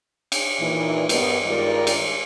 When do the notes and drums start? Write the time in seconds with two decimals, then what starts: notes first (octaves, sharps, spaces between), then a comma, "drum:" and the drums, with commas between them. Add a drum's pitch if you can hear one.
0.32 drum: cymbal
0.59 A#2 D#3 E3
1.09 G2 B3 A#4 D#5, drum: cymbal
1.46 G2 D#3 G#3 F4 A#4 D5
1.87 drum: cymbal